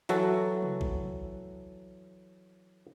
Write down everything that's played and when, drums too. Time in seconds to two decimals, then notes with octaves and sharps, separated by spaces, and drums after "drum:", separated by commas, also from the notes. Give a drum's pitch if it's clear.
0.09 E3 F#3 F#4 A4, drum: hi-hat
0.62 drum: tom C3
0.81 drum: kick A#1